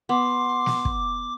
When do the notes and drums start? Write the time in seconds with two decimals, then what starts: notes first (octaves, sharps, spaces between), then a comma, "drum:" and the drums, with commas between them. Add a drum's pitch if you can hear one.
0.09 B3 C6 D6
0.66 drum: snare
0.85 drum: kick